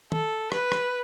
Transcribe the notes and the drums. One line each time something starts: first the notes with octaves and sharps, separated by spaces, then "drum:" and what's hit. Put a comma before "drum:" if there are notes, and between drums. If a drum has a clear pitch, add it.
A4, drum: tom
B4, drum: rim click
drum: rim click